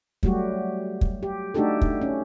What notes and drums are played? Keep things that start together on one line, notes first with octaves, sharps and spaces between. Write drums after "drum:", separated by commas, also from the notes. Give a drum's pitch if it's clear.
F#3 G3 A3 F#4 G4, drum: kick
drum: kick
G4
A3 D4 D#4 F#4 G4 A4
drum: kick
C#4